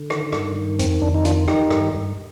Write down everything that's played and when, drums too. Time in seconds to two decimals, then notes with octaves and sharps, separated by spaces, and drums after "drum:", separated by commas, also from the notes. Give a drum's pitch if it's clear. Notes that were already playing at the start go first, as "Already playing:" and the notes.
Already playing: D3
0.10 D#3, drum: rim click
0.32 G2, drum: rim click
0.56 D#3
0.79 F2 C4, drum: hi-hat
1.02 F2 D4
1.14 D#4
1.25 D#3 D4 F4, drum: hi-hat
1.48 D#3 D#4 G4, drum: rim click
1.71 G2, drum: rim click
1.94 G2